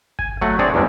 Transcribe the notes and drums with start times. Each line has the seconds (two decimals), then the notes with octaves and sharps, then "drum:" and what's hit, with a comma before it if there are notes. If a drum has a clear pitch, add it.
0.19 G#5, drum: kick G1
0.41 F#3 A3 F#5
0.59 C4 D4 G#4 C#5 D5
0.74 E2 G2 G3 G#3 C4